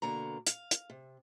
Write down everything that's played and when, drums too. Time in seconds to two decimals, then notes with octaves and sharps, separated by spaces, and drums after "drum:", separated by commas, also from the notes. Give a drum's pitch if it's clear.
0.02 B2 D3 A#3 A#5
0.47 F5, drum: hi-hat
0.71 drum: hi-hat
0.90 C3